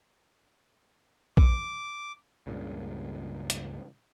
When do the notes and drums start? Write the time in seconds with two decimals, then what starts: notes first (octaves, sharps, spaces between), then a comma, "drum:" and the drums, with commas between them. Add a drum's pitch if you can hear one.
1.37 D6, drum: kick
2.47 C#2 G2 A#2 C#3
3.50 drum: hi-hat